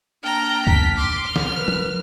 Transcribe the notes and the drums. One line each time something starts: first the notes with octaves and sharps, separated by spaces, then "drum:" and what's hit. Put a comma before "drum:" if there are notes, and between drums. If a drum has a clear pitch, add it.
A#3 D4 G5 A#5 F6
B6, drum: kick C#2
C6 D6
F6
drum: snare
A#4 B4
drum: tom F3